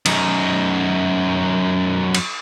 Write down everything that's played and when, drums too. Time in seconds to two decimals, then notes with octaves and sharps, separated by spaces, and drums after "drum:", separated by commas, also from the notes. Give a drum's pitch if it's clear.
0.06 F#2 D#4, drum: cymbal
2.15 drum: cymbal